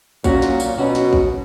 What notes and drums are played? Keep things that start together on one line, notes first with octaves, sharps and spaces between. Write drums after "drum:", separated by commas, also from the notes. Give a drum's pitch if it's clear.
A#2 F#3 C#4 F#4, drum: kick A1, tambourine
drum: snare
drum: tambourine
B2 F#3 C#4 F#4
drum: snare
drum: kick A1